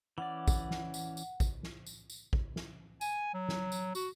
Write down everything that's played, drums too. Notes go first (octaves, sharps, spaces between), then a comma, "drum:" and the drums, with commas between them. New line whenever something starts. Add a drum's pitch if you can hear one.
E3 C#4 D5 F#5
drum: kick, tambourine
drum: snare
drum: tambourine
drum: tambourine
drum: kick, tambourine
drum: snare
drum: tambourine
drum: tambourine
drum: kick
drum: snare
G#5, drum: tambourine
F#3
drum: snare
drum: tambourine
F#4, drum: tambourine